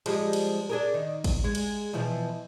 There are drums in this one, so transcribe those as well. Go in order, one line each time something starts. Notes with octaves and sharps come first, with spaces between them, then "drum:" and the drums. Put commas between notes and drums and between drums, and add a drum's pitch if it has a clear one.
F3 G3 G#3, drum: cymbal
drum: cymbal
D4 G#4 A#4
D#3
drum: kick A1, cymbal
G#3
drum: cymbal
B2 E3 F3